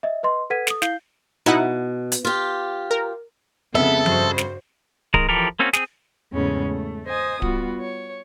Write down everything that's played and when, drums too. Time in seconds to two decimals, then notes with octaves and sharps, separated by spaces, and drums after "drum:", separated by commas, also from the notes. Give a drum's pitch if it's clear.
0.03 D#5 E5
0.23 B4 D#5 C6
0.50 A4 B4 F#5 G#6 B6 D#7
0.67 A4 D#6, drum: snare
0.82 E4 F5 G6 C7 G7, drum: snare
1.46 B2 D#4 E4 F#5
2.12 drum: hi-hat
2.25 F4 G4
2.91 A#4
3.75 F2 C#3 G#3 B3 A4 E5
4.06 G2 F#4 C5, drum: tom F3
4.38 drum: snare
5.14 D#3 G#3 A#4, drum: kick D1
5.29 E3 F3 G4 A4 A#4
5.59 A#3 C4 C#4 F#4
5.73 C4 G#4, drum: snare
6.32 E2 G#2 C#3 G#3 A3 C#4
6.66 A3
7.06 C5 D#5 G#5 D#6
7.42 G3 B3 F4 F#4, drum: kick D1
7.80 C#5